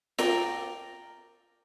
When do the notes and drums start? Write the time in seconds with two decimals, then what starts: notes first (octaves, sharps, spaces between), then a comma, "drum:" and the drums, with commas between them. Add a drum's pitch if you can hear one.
0.18 A#4 D5 G5 A5, drum: snare F4